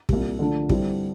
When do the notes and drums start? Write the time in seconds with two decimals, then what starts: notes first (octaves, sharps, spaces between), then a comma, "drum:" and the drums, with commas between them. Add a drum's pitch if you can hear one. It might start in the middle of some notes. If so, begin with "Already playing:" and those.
0.09 C2 A#2 G3, drum: kick
0.39 D3 F3 A3 D4
0.69 G2 D3 G3 C4 E4, drum: kick